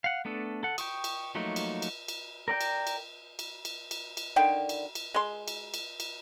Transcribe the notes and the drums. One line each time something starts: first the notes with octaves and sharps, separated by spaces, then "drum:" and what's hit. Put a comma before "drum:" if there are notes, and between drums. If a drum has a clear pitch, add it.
F5 F#5
A3 B3 D4 A4
A4 F#5
G5 C#6 D#6, drum: cymbal
drum: cymbal
F3 F#3 A3 A#3 D#4
drum: cymbal
drum: cymbal
drum: cymbal
A#4 D5 G5
drum: cymbal
drum: cymbal
drum: cymbal
drum: cymbal
drum: cymbal
drum: cymbal
D3 D#3 G5
drum: cymbal
drum: cymbal
G#3 C6
drum: cymbal
drum: cymbal
drum: cymbal